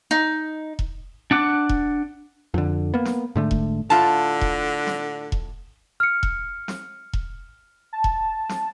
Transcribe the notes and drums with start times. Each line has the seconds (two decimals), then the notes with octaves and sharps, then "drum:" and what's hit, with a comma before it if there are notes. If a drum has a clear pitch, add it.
0.11 D#4
0.79 drum: kick E1
1.31 D4 F#5 D6
1.69 drum: kick E1
2.54 F2 D3
2.94 A#3 B3
3.05 drum: snare
3.36 G#2 D3 A3
3.51 drum: kick E1
3.90 A2 D3 F4 A5
4.41 drum: kick E1
4.87 drum: snare
5.32 drum: kick E1
6.00 F6 C#7
6.23 drum: kick E1
6.68 drum: snare
7.13 drum: kick E1
7.93 A5
8.04 drum: kick E1
8.49 drum: snare